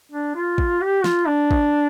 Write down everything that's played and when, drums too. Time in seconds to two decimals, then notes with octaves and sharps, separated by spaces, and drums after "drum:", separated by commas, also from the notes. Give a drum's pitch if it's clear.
0.12 D4
0.35 F4
0.58 drum: kick
0.81 G4
1.04 F4, drum: snare
1.27 D4
1.51 drum: kick